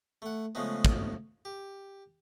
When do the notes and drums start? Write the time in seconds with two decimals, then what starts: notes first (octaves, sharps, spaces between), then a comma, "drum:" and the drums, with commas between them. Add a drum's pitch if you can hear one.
0.22 A3 F#5
0.55 C#3 F3 G#3 A3 B3
0.85 drum: kick
1.45 G4